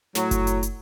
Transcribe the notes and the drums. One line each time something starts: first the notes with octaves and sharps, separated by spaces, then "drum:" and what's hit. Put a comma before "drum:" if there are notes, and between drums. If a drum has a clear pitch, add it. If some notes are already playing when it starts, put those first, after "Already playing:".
A2 F#3, drum: snare
drum: kick F#1, hi-hat
drum: hi-hat
drum: hi-hat